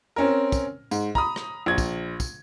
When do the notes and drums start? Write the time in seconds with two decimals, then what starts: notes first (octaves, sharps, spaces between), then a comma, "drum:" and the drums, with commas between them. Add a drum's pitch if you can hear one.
0.16 C4 C#4 A#4
0.52 drum: kick, tambourine
0.91 G#2, drum: tambourine
1.15 A#5 B5 D#6, drum: kick
1.36 drum: rim click
1.66 A#1 G#6
1.78 drum: kick, tambourine
2.20 drum: kick, tambourine